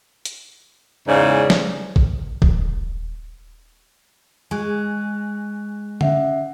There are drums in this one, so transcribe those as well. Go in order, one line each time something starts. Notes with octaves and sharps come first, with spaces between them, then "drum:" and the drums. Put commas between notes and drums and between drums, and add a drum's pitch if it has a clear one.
drum: hi-hat
E2 G#2 C#3 D5
drum: snare
drum: kick G#1
D#1, drum: kick G#1
G#3 G#5 C#6 F#6
C#4 E5 F#5, drum: tom D3